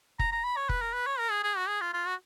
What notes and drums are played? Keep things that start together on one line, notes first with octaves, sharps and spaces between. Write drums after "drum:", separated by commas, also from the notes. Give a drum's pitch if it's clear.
A#5, drum: kick F1
A#5
B5
C#5
B4, drum: kick F1
A#4
B4
C#5
A#4
G#4
G#4
F#4
G#4
F4
F4
F#4